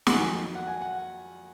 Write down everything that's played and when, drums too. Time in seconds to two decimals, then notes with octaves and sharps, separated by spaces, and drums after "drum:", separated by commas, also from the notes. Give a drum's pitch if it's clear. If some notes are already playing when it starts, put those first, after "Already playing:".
0.07 F#5, drum: snare
0.13 F2 D#3 F#3 G#5
0.55 F#5
0.67 G#5
0.81 F#5